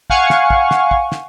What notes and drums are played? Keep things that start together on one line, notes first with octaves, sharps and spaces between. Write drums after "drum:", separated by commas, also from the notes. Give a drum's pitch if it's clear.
F5 F#5 G#5 C#6, drum: kick
drum: snare
drum: kick
drum: snare
drum: kick
drum: snare